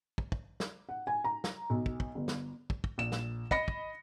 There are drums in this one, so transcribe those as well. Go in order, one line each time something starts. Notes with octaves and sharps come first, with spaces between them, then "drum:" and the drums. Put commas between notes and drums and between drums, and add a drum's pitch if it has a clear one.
drum: kick
drum: kick
drum: snare
F#5
G#5
A#5
drum: snare
B1
drum: kick
drum: kick
G1
drum: snare
drum: kick
drum: kick
A#1 E7
drum: snare
D#5 B5 A#6 C#7, drum: kick
drum: kick